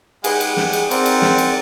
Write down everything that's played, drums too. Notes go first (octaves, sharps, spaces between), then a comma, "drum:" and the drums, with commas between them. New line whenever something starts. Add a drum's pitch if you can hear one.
G#3 G4 G#4 B4 F#5 G5, drum: cymbal
drum: cymbal
drum: snare
drum: cymbal
C4 A#4 D5 F#5, drum: cymbal
drum: cymbal
drum: snare
drum: cymbal